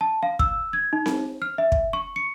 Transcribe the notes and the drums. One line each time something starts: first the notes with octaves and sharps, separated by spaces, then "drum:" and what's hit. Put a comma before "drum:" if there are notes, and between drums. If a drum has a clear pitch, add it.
A5
F5
E6, drum: kick
G#6
D#4
drum: snare C4
F6
E5
drum: kick
C#6
C#7